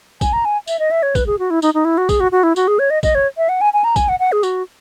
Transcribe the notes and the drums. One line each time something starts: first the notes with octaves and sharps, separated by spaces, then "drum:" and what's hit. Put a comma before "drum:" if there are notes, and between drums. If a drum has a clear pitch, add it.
G#5, drum: kick, tambourine
A#5
G#5
E5, drum: tambourine
D#5
E5
C#5
B4, drum: kick, tambourine
G#4
F#4
E4
D#4, drum: tambourine
D#4
E4
F#4
G#4, drum: kick, tambourine
F#4
F#4
E4
F#4, drum: tambourine
G#4
C#5
D#5
D#5, drum: kick, tambourine
C#5
E5
F#5
G#5
G#5
A#5
G#5, drum: kick, tambourine
F#5
F#5
G#4
F#4, drum: tambourine